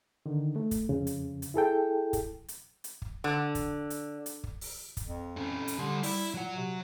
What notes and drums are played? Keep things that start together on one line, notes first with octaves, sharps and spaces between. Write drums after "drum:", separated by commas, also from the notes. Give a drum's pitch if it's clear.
D3 D#3
A3
drum: kick, hi-hat
F2 C#3
drum: hi-hat
drum: hi-hat
E4 G#4 A4 G5
drum: kick, hi-hat
drum: hi-hat
drum: hi-hat
drum: kick
D3
drum: kick, hi-hat
drum: hi-hat
drum: hi-hat
drum: kick
drum: open hi-hat
drum: kick, hi-hat
F2
C#4 A4
drum: hi-hat
D3 G3 C6
G3 E4, drum: open hi-hat
A#2 F#3 F#5
C3